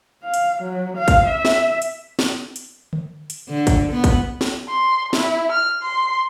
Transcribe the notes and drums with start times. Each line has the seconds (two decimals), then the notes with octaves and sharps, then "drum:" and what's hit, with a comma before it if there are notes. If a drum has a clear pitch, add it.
0.23 F5
0.34 drum: hi-hat
0.62 F#3
0.97 F5
1.08 drum: kick, hi-hat
1.26 E5
1.45 drum: snare
1.82 drum: hi-hat
2.19 drum: snare
2.56 drum: hi-hat
2.93 drum: tom D3
3.30 drum: hi-hat
3.49 D3
3.67 drum: kick, hi-hat
3.92 B3
4.04 drum: kick, hi-hat
4.41 drum: snare
4.69 C6
5.13 E4, drum: snare
5.52 F6
5.82 C6